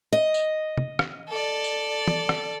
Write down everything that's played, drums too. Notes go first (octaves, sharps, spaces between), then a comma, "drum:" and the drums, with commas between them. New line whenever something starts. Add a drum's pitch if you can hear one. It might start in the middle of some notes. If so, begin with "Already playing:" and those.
D#5
drum: tambourine
drum: tom
drum: rim click
A4 D5
drum: tambourine
drum: tom
drum: rim click